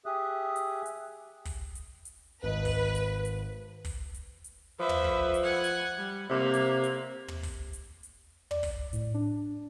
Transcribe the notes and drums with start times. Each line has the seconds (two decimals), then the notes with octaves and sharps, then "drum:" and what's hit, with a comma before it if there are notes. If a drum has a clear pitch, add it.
0.06 G4 G#4 E5 D#6 F#6
0.56 drum: hi-hat
0.86 drum: hi-hat
1.45 drum: kick, open hi-hat
1.75 drum: hi-hat
2.05 drum: hi-hat
2.43 G#1 B4 D#5
2.65 drum: kick, open hi-hat
2.95 drum: hi-hat
3.25 drum: hi-hat
3.85 drum: kick, open hi-hat
4.14 drum: hi-hat
4.44 drum: hi-hat
4.80 F3 B4 E5
4.89 drum: tom
5.04 drum: kick
5.34 drum: hi-hat
5.43 F#5 G#5
5.64 drum: hi-hat
5.98 G3
6.30 C3 A#3
6.54 drum: hi-hat
6.83 drum: hi-hat
7.28 drum: tom
7.43 drum: kick, open hi-hat
7.73 drum: hi-hat
8.03 drum: hi-hat
8.51 D5, drum: tom
8.63 drum: kick, open hi-hat
8.93 A2, drum: hi-hat
9.14 D4